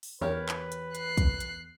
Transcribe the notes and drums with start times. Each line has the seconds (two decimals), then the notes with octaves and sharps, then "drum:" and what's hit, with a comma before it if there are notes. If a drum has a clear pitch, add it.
0.03 drum: open hi-hat
0.21 E2 G4 A#4 B4 C#5
0.49 drum: clap
0.72 drum: hi-hat
0.95 F#6 C7, drum: hi-hat
1.17 drum: kick, hi-hat
1.40 drum: hi-hat